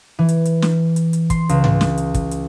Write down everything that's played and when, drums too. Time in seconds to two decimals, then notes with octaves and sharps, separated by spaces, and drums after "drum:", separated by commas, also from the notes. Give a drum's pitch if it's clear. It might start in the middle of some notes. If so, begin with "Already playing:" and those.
0.19 E3
0.29 drum: hi-hat
0.45 drum: hi-hat
0.62 drum: snare
0.96 drum: hi-hat
1.13 drum: hi-hat
1.30 C6, drum: kick, hi-hat
1.49 C#2, drum: hi-hat
1.64 drum: tom G#2
1.81 drum: snare
1.98 drum: hi-hat
2.14 drum: kick, hi-hat
2.31 drum: hi-hat